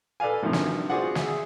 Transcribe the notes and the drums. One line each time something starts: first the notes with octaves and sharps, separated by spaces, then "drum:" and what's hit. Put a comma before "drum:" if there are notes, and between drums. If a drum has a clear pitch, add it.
A4 B4 D5 F5 G#5
G2 C3 D#3 F3 F#3
drum: snare
F4 F#4 G#4 C5 D5 F#5
G#4 E5, drum: snare